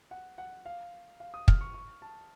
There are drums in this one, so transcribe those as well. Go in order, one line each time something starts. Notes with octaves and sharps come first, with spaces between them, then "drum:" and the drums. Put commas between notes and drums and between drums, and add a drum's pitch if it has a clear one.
F#5
F#5
F5
F5
D#6
F6, drum: kick
C#6
C#6
A5